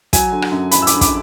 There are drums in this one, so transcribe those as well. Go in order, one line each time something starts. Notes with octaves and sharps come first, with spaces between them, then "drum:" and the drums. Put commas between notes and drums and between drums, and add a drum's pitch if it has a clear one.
F#3 G#5, drum: kick, hi-hat
D3
drum: rim click
F#2
F#2 B5, drum: hi-hat
E6
D3 D6, drum: hi-hat
D6, drum: kick, hi-hat